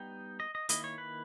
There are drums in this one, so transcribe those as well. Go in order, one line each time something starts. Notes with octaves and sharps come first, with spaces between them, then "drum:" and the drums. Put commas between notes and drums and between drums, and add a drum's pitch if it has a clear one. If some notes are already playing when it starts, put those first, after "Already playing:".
Already playing: G3 B3 D#4 G5
D#5
D#5
D#3 A#3 E4 D#5, drum: hi-hat
C#5
B4